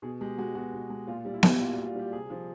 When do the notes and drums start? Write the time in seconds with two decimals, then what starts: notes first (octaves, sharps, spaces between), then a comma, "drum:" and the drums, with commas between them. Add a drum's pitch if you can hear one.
0.02 B2 G#4
0.21 G#3 G4
0.38 G#3 F#4
0.55 B2 F#4
0.73 B2
0.90 G#3
1.07 A#2 F4
1.25 G3
1.34 E4
1.43 G3, drum: snare B3
1.60 A#2 F4
1.74 F#4
1.78 A#2
1.86 F4
1.95 G3 G4
2.13 C3 G#4
2.30 F3